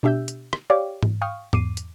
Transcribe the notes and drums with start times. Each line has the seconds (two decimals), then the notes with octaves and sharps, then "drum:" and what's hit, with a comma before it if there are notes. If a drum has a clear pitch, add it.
0.03 B2 D4 G4 E5 E6 G6
0.28 drum: hi-hat
0.53 drum: rim click
0.70 G4 C#5 D5 F5 G5 D6
1.03 drum: tom G#2
1.22 F5 G5 C#6 D#6 F6
1.53 E2 D6 C7 D#7, drum: tom G#2
1.77 drum: hi-hat